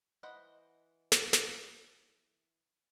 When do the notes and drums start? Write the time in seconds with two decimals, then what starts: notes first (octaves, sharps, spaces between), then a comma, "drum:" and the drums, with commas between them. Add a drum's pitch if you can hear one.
0.23 E3 C5 D#5 F#5 B5
1.12 drum: snare
1.33 drum: snare